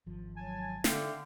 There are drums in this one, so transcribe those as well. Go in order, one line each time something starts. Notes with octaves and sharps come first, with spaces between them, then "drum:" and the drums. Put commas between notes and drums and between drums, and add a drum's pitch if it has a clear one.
G#1 F3
F#3 G#5 A5
D3 E5 F5 G5, drum: snare